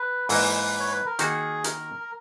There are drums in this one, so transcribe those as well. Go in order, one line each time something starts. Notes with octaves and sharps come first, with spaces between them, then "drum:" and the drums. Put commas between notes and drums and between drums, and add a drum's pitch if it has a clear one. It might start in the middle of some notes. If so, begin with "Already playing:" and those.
Already playing: B4
G#2 E3 A#3 B4, drum: open hi-hat
C#5
B4
A#4
D#3 A#3 D#4 F#4 G#4, drum: hi-hat
A#4, drum: hi-hat